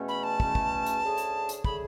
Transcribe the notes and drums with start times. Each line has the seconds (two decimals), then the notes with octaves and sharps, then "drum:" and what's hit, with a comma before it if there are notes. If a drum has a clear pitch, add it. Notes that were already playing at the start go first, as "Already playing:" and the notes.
Already playing: E2 B2 A3 C#4
0.08 B5
0.24 A5
0.40 E2 B2 A3 C#4, drum: kick
0.55 drum: kick
0.86 drum: hi-hat
1.02 D2 D3 A3 C#4 G#4
1.18 drum: hi-hat
1.49 drum: hi-hat
1.64 D3 A3 C#4 G#4 B5, drum: kick